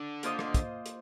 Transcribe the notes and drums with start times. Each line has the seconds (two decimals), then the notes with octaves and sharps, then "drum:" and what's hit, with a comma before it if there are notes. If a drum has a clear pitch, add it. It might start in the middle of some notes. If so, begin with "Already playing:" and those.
Already playing: D3
0.23 A#3 F4 C5 D#5, drum: hi-hat
0.39 drum: rim click
0.54 drum: kick, hi-hat
0.86 drum: hi-hat